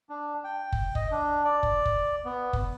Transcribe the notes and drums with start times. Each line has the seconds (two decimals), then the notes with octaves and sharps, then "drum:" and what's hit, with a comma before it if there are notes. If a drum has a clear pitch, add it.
0.09 D4
0.44 G5
0.72 drum: kick
0.95 D#5, drum: kick
1.11 D4
1.45 D5
1.63 drum: kick
1.85 drum: kick
2.25 B3
2.53 drum: kick